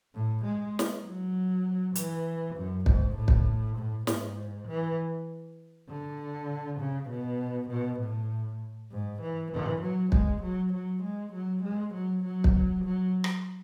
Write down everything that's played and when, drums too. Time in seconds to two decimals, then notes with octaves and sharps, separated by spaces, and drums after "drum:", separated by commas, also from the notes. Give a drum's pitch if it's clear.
0.14 A2
0.45 G#3
0.79 drum: snare
1.05 F#3
1.95 E3, drum: hi-hat
2.56 F#2
2.86 G#2, drum: kick
3.16 A2
3.28 drum: kick
3.77 A2
4.07 G#2, drum: snare
4.68 E3
5.89 D3
6.80 C#3
7.10 B2
7.70 B2
8.00 A2
8.91 G#2
9.22 E3
9.52 E3
9.82 F#3
10.12 G#3, drum: kick
10.42 F#3
10.73 F#3
11.03 G#3
11.33 F#3
11.63 G#3
11.94 F#3
12.24 F#3
12.44 drum: kick
12.84 F#3
13.24 drum: rim click